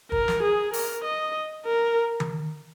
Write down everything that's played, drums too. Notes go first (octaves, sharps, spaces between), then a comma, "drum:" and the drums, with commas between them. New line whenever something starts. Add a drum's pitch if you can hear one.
A#4, drum: kick
drum: snare
G#4
A#4, drum: open hi-hat
D#5
A#4
drum: tom D#3